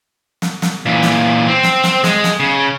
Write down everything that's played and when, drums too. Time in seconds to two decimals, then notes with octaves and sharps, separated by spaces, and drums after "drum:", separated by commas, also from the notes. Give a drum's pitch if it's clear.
0.42 drum: snare
0.62 drum: snare
0.86 A#2 E3
1.03 drum: snare
1.48 C4
1.63 drum: snare
1.84 drum: snare
2.04 G#3, drum: snare
2.24 drum: snare
2.40 C#3